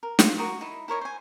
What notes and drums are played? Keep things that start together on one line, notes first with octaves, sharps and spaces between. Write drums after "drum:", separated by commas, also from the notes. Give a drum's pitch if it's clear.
A#4
F4, drum: snare
F#4 A#4 D#6
D#4 E4
E4 A#4 C#5 D#5
C5 G#5